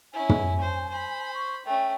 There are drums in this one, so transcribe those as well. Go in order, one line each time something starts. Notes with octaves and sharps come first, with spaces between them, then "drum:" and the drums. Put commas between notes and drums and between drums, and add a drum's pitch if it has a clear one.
C#4 E4 G#5
drum: tom
C#4 C5
C5 B5
C#6
A3 C#4 G5